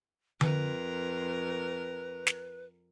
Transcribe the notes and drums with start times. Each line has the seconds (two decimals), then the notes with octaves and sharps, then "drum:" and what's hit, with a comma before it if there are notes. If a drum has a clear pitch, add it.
0.41 F2 A#4 B4, drum: tom D3
2.27 drum: snare